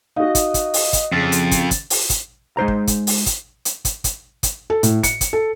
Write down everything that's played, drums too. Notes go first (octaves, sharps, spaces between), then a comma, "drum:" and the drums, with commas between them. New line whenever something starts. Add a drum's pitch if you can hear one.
D#4 F#4 D#5 F5
drum: kick, hi-hat
drum: kick, hi-hat
drum: open hi-hat
drum: kick, hi-hat
F2 C#3 A6
drum: hi-hat
drum: kick, hi-hat
drum: kick, hi-hat
drum: open hi-hat
drum: kick, hi-hat
G#3 D#4 C5 A#5
drum: kick
drum: kick, hi-hat
drum: open hi-hat
drum: kick, hi-hat
drum: hi-hat
drum: kick, hi-hat
drum: kick, hi-hat
drum: kick, hi-hat
A4
A2, drum: hi-hat
C#7, drum: kick, hi-hat
drum: kick, hi-hat
A4